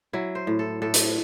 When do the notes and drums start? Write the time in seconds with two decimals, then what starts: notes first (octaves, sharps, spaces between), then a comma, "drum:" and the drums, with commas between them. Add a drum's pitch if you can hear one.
0.13 F#3 E4
0.35 C5
0.47 A2
0.59 A4
0.82 A2 A4
0.94 drum: hi-hat